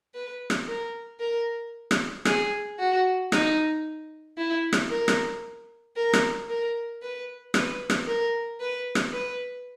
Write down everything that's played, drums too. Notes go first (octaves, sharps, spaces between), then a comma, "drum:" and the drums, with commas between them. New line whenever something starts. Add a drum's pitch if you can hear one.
B4
drum: rim click
A#4
A#4
drum: rim click
G#4, drum: rim click
F#4
D#4, drum: rim click
E4
drum: rim click
A#4
drum: rim click
A#4
drum: rim click
A#4
B4
B4, drum: rim click
drum: rim click
A#4
B4
drum: rim click
B4